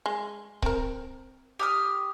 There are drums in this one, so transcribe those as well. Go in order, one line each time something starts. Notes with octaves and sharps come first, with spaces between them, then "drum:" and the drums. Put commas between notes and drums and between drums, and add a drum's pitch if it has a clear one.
G#3
C4 A#4, drum: kick C#1
G4 D#6 F6